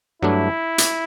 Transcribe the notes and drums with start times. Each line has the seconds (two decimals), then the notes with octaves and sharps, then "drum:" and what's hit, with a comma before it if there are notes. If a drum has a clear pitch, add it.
0.22 G2 F#3 A3 D4 E4
0.78 drum: hi-hat